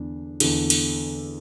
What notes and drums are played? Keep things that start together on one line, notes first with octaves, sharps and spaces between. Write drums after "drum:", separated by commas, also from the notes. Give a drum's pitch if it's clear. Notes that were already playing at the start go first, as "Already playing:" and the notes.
Already playing: E2 D3 D4
E2 D3, drum: cymbal
drum: cymbal